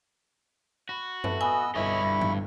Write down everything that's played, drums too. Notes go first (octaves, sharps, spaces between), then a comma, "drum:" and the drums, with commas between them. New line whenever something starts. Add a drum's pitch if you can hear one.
F#4 B5
A4 B4 E5, drum: tom F#2
B3 D#5 G#5 E6
G1 C2 B2 E4 C#5 D#5 B5 C#6
G2
drum: tom